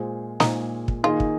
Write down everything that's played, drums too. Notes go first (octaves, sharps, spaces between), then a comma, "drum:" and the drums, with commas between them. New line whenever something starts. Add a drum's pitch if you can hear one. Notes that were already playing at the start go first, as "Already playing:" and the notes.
Already playing: A#2 G#3 F4 G#4 C5
A#2 G#3 D#4 F4 G#4 C5, drum: snare
drum: kick
D#3 A#3 F4 G#4 D#5
drum: kick